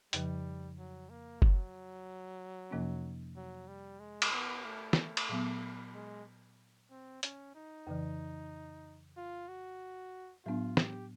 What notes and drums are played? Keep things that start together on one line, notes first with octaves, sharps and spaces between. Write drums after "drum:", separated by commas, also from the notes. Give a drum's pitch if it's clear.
F2 C#3 F3 G3, drum: hi-hat
F#3
A#3
F#3, drum: kick F#1
F2 C3 F3 A#3 C#4
F#3
G3
G#3
drum: cymbal
B3
A3
drum: snare
drum: cymbal
A#2 F#3 B3
G#3
C4
C#4, drum: hi-hat
D#4
F2 C#3 E3
F4
F#4
A2 F#3 B3 D4 F4
G4, drum: snare